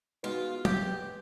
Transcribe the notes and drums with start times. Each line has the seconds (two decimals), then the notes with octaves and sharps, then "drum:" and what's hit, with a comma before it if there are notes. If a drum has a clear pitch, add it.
0.23 G#3 B3 D#4 F4 F#4
0.65 G4, drum: tom